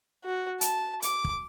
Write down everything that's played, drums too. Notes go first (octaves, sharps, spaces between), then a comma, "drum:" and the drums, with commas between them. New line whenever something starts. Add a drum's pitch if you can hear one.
F#4
A5, drum: hi-hat
D6, drum: hi-hat
drum: kick